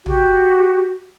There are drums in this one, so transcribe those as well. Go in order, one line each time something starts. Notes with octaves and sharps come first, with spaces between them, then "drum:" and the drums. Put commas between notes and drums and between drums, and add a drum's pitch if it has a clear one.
F#4 G4, drum: tom